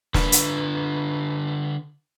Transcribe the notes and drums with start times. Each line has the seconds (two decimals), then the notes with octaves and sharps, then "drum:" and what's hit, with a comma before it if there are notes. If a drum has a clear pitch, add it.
0.14 D3 B4, drum: snare
0.32 drum: hi-hat